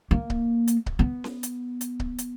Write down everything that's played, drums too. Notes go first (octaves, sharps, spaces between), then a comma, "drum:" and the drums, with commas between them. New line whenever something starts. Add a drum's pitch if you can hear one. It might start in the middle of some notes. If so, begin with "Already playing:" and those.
A#3
drum: kick C#1
drum: hi-hat
drum: kick C#1
B3
drum: snare C#4
drum: hi-hat
drum: hi-hat
drum: kick C#1
drum: hi-hat